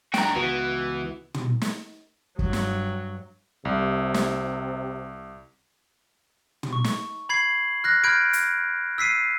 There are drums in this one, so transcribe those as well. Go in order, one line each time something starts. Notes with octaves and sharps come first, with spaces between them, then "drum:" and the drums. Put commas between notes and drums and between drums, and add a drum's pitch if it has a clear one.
G2 F#4 G5 A#5, drum: snare
C#2 E3 B3 F#4
drum: tom
drum: snare
G2 F#3, drum: kick
drum: snare
C2 C3
drum: snare
drum: tom
C#6
drum: snare
B5 G#6 C7 F#7
F6 F#6 A#6
B5 F6 G6 G#6 D7
drum: hi-hat
E6 B6 C7 D#7